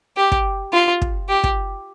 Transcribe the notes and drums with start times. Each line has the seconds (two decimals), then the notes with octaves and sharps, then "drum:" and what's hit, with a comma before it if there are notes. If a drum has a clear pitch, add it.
0.17 G4
0.32 drum: kick
0.73 F4
1.02 drum: kick
1.29 G4
1.44 drum: kick